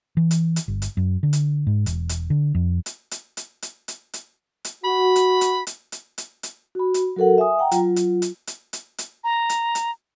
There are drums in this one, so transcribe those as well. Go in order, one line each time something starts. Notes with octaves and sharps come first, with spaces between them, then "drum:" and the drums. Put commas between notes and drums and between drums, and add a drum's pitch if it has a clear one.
E3
drum: hi-hat
drum: hi-hat
G1
drum: hi-hat
F#2
D3
drum: hi-hat
G#2
E1, drum: hi-hat
drum: hi-hat
D3
F2
drum: hi-hat
drum: hi-hat
drum: hi-hat
drum: hi-hat
drum: hi-hat
drum: hi-hat
drum: hi-hat
F#4 B5
drum: hi-hat
drum: hi-hat
drum: hi-hat
drum: hi-hat
drum: hi-hat
drum: hi-hat
F#4 B5
drum: hi-hat
F#3 F#4 A4 A#4 F#5
E5 G#5 D#6
F#5 G5 A#5
F#3 F4, drum: hi-hat
drum: hi-hat
drum: hi-hat
drum: hi-hat
drum: hi-hat
drum: hi-hat
A#5
drum: hi-hat
drum: hi-hat